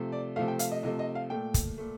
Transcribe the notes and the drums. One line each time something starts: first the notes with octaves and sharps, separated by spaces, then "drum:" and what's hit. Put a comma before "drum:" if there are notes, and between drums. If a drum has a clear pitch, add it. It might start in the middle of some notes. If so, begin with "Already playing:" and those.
Already playing: C3 F3 A3
D5
C3 F3 A3 F5
G5
F5, drum: hi-hat
D#5
C3 F3 A3 D#5
D#5
F5
A#2 A3 G5
drum: kick, hi-hat
A#2 A3